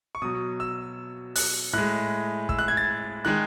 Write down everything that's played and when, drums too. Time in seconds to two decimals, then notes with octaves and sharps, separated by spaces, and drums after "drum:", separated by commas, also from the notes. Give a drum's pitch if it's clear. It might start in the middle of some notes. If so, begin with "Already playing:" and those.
0.15 C#6
0.22 B2 F#3 D#6
0.60 E6
1.36 F#6, drum: open hi-hat
1.73 A2 G#3 F#6
2.49 E6, drum: kick
2.59 F#6
2.68 G#6
2.77 A6
3.25 D#3 G#3 F#6